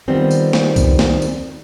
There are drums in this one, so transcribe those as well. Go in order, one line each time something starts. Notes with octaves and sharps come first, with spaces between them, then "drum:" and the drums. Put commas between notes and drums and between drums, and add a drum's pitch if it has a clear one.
D#3 F3 G3 B3 C4 D#4
drum: tambourine
drum: snare
drum: kick C2, tambourine
drum: snare
drum: tambourine